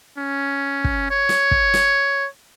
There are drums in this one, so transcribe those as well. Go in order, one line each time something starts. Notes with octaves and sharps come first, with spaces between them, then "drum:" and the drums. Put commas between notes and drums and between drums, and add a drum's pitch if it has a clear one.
C#4
drum: kick
C#5
drum: snare
drum: kick
drum: snare